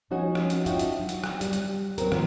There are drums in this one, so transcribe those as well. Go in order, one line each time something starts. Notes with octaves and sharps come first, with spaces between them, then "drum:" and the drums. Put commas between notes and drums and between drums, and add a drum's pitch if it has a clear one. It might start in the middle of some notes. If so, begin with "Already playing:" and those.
F3 C#4 D#4 F#4 C#5 G#5
drum: rim click
drum: hi-hat
D4 D#4 F4 F#4 E5 G5, drum: hi-hat
drum: hi-hat
F#3
drum: hi-hat
drum: rim click
G3, drum: hi-hat
drum: hi-hat
F#3 B3 C4 A#4, drum: hi-hat
A2 D#3 F3 B3, drum: rim click